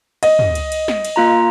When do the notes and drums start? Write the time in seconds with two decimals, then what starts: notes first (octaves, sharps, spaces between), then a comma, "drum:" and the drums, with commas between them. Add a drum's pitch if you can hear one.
0.23 D#5, drum: cymbal
0.39 drum: tom
0.55 drum: cymbal
0.72 drum: cymbal
0.88 drum: snare
1.05 drum: cymbal
1.16 A#3 F4 A#5